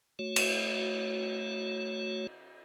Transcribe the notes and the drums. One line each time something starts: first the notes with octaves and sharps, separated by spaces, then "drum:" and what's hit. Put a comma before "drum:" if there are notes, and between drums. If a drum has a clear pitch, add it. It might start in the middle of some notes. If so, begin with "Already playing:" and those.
A3 F#4 C#5
drum: cymbal